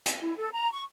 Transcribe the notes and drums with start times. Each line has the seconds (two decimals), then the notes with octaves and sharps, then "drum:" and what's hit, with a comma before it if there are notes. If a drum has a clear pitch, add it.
0.06 drum: hi-hat
0.19 E4
0.37 A4
0.53 A#5
0.72 C#6